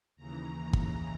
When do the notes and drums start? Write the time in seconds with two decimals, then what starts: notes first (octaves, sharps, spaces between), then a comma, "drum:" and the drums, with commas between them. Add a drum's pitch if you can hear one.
0.16 D#2 C#3 E3 A#5
0.73 drum: kick